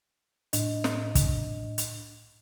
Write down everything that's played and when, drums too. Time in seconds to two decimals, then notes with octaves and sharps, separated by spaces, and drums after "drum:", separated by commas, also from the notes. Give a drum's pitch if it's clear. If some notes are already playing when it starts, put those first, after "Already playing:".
0.53 A2 D4 D#5, drum: hi-hat
0.84 drum: snare
1.15 drum: kick, hi-hat
1.78 drum: hi-hat